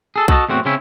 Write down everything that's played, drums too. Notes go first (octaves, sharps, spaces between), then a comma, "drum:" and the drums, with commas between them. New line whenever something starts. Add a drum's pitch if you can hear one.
G#4 A4
F#4 A4 C5 D#5 A5, drum: kick B1
E2 A2 C4 F#4
C#3 C4 C#4 E4